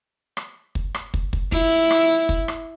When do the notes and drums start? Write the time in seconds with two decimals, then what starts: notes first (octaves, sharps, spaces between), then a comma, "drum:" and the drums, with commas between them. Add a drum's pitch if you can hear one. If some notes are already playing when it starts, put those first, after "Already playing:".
0.37 drum: rim click
0.75 drum: kick
0.94 drum: rim click
1.14 drum: kick
1.33 drum: kick
1.52 E4, drum: kick
1.91 drum: rim click
2.29 drum: kick
2.48 drum: rim click